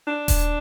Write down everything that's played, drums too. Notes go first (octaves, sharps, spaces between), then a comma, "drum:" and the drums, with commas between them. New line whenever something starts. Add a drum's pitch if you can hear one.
D4
drum: kick D#1, open hi-hat